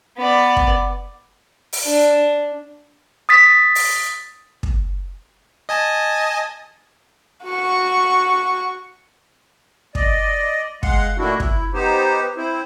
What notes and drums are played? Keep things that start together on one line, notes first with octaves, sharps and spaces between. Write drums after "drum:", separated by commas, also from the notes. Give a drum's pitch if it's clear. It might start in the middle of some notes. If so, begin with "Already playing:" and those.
B3 D5
drum: kick
drum: open hi-hat
D4
D#6 A6 B6
drum: open hi-hat
drum: kick
D#5 G#5 A5
F#4 C#6
D5 D#5, drum: kick
G#3 F5 F#5 C6, drum: kick
A#2 D#3 A3 D4 E4 F#4
E4, drum: kick
B3 D#4 G4 C5
C4 E4 C5